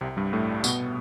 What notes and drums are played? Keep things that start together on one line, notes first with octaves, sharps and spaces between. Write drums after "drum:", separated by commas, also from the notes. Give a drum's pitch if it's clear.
C2 C3
G2 G3
A2 A3
B2 B3, drum: tambourine